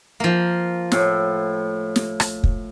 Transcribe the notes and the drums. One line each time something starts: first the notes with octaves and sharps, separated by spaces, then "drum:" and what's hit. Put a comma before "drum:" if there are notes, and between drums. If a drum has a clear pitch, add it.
F3 A#3
A2, drum: snare
drum: snare
drum: rim click
drum: kick